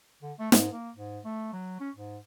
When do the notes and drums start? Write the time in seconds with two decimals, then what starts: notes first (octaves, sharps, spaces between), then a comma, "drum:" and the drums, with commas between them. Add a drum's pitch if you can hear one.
0.22 D3
0.39 A3
0.52 G#2, drum: snare
0.72 A#3
0.95 G#2
1.24 A3
1.53 F#3
1.80 C#4
1.95 G#2